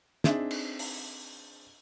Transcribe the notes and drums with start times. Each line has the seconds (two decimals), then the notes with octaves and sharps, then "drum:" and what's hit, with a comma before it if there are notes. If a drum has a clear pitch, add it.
0.24 C4 D4 D#4 G#4 E5, drum: snare
0.51 drum: cymbal
0.79 drum: open hi-hat